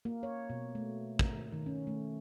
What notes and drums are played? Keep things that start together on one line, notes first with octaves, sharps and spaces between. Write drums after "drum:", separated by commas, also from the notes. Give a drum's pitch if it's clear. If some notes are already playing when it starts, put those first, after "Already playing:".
A#3
C#5
B2
A3
A#4, drum: kick
D#3
C#4
A3